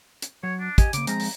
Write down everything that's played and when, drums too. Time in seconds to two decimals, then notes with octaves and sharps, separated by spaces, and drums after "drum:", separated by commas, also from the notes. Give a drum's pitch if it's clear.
0.22 drum: hi-hat
0.43 F#3 C#5
0.60 D4
0.78 G4 D#5 G#5, drum: kick, hi-hat
0.93 C#3 A#3 D6, drum: hi-hat
1.07 F3 G#3 C4 A#5, drum: hi-hat
1.20 drum: open hi-hat